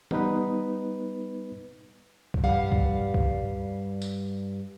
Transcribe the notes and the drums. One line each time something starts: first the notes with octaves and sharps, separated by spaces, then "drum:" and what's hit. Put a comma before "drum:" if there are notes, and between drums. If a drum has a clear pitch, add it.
G3 B3 D#4 B4, drum: tom
drum: kick
G2 G3 F5 F#5
drum: kick
drum: kick
drum: tambourine